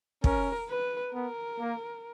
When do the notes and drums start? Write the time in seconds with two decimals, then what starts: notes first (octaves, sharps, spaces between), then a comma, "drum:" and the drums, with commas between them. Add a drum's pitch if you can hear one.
0.24 C#4 A#4, drum: kick
0.70 B4
1.14 B3 A#4
1.60 A#3